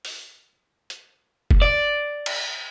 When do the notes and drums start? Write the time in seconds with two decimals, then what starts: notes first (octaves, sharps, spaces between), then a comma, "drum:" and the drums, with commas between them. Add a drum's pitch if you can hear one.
0.05 drum: open hi-hat
0.90 drum: hi-hat
1.51 drum: kick
1.62 D5
2.26 drum: cymbal